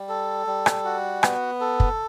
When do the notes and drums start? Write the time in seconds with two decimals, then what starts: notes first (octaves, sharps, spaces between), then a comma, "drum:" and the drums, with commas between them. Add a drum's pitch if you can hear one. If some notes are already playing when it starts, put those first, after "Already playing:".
Already playing: G3
0.09 A4
0.47 G3
0.66 drum: rim click
0.85 F#4
1.23 B3, drum: rim click
1.61 A4
1.80 drum: kick